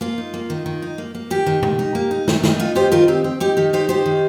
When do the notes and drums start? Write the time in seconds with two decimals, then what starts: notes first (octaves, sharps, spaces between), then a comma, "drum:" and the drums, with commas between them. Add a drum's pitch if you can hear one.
0.01 A#3 F4
0.18 D#4
0.34 A#3
0.50 D#3
0.66 D#3
0.82 D#4
0.98 A#3
1.15 A#3
1.30 D#3 G4
1.46 D#3
1.63 D#3, drum: tom B2
1.79 D#4
1.95 A#3
2.11 D#4
2.28 D#3, drum: snare
2.43 D#3, drum: snare
2.60 D#4 F4
2.75 D#3 G4 C5
2.92 D#3 F4 A#4
3.08 C4 G4
3.24 C4
3.40 D#4 G4
3.57 D#3 G4
3.73 D#4 G4 C5
3.89 D#3 G4 C5
4.06 D#3